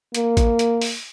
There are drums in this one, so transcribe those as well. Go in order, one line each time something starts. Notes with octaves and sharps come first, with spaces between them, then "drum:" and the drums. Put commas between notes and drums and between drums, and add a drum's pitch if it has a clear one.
A#3, drum: hi-hat
drum: kick, hi-hat
drum: hi-hat
drum: open hi-hat